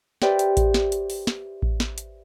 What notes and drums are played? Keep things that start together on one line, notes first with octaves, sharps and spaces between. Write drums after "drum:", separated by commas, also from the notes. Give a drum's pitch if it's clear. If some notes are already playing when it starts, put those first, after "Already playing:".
G4 B4 C5 D5 E5 G5, drum: snare
drum: hi-hat
drum: kick A1, hi-hat
drum: snare
drum: hi-hat
drum: open hi-hat
drum: snare
drum: kick A1
drum: snare
drum: hi-hat